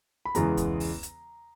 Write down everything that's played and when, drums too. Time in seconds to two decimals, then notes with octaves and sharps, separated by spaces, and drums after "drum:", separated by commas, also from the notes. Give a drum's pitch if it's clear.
0.25 B5
0.35 E2 C#3 G#3 B3 A#5, drum: hi-hat
0.57 drum: kick C2, hi-hat
0.80 drum: open hi-hat
1.03 drum: hi-hat